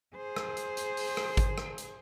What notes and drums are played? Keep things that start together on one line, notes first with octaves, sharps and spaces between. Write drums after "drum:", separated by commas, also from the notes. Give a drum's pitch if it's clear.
G#4 C5
drum: rim click
drum: hi-hat
drum: hi-hat
drum: open hi-hat
drum: rim click
drum: kick G#1, hi-hat
drum: rim click
drum: hi-hat